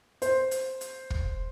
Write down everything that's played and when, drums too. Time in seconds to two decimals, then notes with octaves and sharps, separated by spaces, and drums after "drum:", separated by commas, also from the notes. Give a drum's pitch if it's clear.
0.22 C5, drum: hi-hat
0.51 drum: hi-hat
0.81 drum: hi-hat
1.10 drum: kick